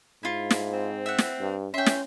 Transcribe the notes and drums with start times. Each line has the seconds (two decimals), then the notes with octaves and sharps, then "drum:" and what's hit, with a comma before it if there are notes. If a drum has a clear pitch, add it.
0.23 G#2 E4 F4
0.50 drum: snare
0.73 C4
1.06 E5 F#5
1.18 drum: snare
1.40 G2
1.74 C#4 E5 G5 C6
1.86 drum: snare